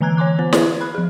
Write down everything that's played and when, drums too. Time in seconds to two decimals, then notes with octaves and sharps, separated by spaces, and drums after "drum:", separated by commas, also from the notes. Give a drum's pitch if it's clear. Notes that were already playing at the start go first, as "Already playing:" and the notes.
0.01 D3 E3 G#5 A#5 F#6 G#6
0.17 C#5 G#5 C6 D6 F#6
0.39 B3 C5
0.53 B4, drum: snare
0.81 B5 F#6
0.95 F3 G#4